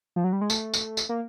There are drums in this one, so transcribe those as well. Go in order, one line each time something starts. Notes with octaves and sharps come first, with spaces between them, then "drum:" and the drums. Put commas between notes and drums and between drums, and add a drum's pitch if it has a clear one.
F3
F#3
G3
G#3
A3, drum: tambourine
drum: tambourine
drum: tambourine
A#3